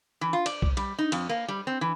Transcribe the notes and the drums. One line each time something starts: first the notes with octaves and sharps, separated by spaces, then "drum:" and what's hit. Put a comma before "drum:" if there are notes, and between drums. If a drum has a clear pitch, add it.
E3
F4
D5, drum: cymbal
drum: kick
G3, drum: cymbal
D#4
F2, drum: cymbal
A#3
G3
C4
E3